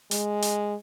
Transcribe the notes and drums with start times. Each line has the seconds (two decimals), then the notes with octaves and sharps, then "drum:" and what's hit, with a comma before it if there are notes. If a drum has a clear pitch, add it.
0.11 G#3, drum: hi-hat
0.42 drum: hi-hat